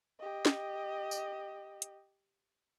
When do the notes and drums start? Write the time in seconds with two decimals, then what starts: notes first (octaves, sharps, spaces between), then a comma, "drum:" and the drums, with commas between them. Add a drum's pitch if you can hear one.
0.20 G4 D#5
0.46 drum: snare
1.11 drum: tambourine
1.82 drum: hi-hat